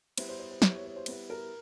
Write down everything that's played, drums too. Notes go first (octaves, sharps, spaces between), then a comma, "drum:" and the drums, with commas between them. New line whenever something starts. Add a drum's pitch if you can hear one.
G3 B3 E4 C5, drum: cymbal
C5
C5
C5
G3 B3 E4 C#5, drum: snare
C#5
C#5
C5
G3 B3 E4, drum: cymbal
A#4